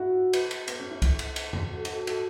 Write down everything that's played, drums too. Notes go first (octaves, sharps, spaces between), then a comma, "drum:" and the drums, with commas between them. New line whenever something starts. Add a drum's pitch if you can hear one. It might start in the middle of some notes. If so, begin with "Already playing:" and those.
Already playing: E4 F#4
B4, drum: cymbal
drum: cymbal
B3, drum: cymbal
C#4
E4
drum: kick C2, cymbal
drum: cymbal
drum: cymbal
drum: tom E2
F#4
A4
F#4, drum: cymbal
A4
F#4
A4, drum: cymbal